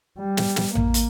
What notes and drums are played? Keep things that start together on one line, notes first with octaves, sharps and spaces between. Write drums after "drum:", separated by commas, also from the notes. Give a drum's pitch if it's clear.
G3
drum: snare
drum: snare
A#3, drum: tom A1
drum: hi-hat